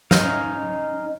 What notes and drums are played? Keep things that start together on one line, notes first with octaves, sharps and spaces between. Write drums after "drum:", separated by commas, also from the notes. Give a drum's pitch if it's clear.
C#4 D#4 F5, drum: snare